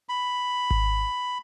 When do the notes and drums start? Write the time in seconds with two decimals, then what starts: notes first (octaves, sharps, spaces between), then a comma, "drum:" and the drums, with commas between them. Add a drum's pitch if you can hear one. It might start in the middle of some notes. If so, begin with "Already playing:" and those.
0.09 B5
0.71 drum: kick G#1